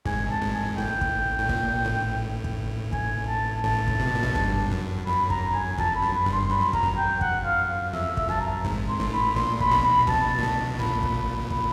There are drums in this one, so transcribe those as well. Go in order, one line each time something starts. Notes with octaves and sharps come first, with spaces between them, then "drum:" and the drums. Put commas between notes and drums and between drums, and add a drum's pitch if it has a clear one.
G#1 G#2 G#5, drum: kick
A5
G#1 G#2
G#5
A1 A2 G5
drum: kick
A2
A#1 A#2, drum: kick
A1 A2
drum: kick
G#5, drum: kick
A5
A1 A2 A5
drum: kick
C3
B2
A#2
B1 B2
G1 G2, drum: kick
F#2
F#2 B5
A#5, drum: kick
G#5
F2 A5, drum: kick
B5
F#2
B5
G1 G2
C6
G2 B5
F#2
F2 A#5, drum: kick
F#2
G5
F#5, drum: kick
F5
F5
F2 E5
E5, drum: kick
F#2 A5
A#5
G#1 G#2, drum: kick
C6
A1 A2
B5
A#1 A#2 C6
B5, drum: kick
B1 B2
B5
B1 B2 A5, drum: kick
A#2
B1 B2
A#1 A#2 B5
drum: kick
B5, drum: kick